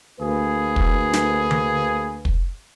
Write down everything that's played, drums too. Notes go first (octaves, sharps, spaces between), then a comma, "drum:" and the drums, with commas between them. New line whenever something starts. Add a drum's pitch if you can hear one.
D2 A#3 G#4 B4
drum: kick
drum: snare
drum: tom D3
drum: kick